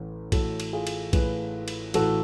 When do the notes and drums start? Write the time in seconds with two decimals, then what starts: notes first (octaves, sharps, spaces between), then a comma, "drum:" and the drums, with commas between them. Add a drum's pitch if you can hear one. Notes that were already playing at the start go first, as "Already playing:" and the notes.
Already playing: A1 A2 A3 C#4
0.32 A1 A2 F#4 A4, drum: kick, cymbal
0.60 drum: cymbal
0.73 F4 G#4
0.87 drum: cymbal
1.13 A1 A2 G#4 B4, drum: kick, cymbal
1.68 drum: cymbal
1.94 A1 A2 F#4 A4, drum: cymbal